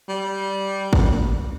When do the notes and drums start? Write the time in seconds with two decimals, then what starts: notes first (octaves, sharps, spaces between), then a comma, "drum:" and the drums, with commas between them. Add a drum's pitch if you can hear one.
0.09 G3
0.93 drum: kick